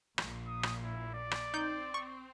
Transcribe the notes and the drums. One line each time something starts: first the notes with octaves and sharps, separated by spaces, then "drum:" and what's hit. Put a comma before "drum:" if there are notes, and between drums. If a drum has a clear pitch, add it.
A#1 A#2, drum: rim click
D#6
drum: rim click
E4
D5
drum: rim click
C4 D#4 G6
C#6